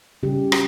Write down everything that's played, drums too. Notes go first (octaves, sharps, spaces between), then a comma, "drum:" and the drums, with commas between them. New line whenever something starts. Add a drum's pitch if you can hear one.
C#3 G3 G4
F#4, drum: rim click